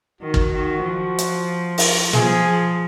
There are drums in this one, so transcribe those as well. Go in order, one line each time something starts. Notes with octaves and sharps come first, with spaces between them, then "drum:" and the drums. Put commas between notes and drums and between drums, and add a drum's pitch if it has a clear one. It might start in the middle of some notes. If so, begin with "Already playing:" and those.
D#3 F#4
drum: kick
D#3
F3
drum: hi-hat
drum: open hi-hat
F3 G#4, drum: snare